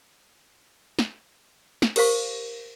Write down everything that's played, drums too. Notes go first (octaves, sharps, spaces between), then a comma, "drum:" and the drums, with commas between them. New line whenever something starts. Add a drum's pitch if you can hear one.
drum: snare
drum: snare
G4 A#4 C5 F5 C#6, drum: cymbal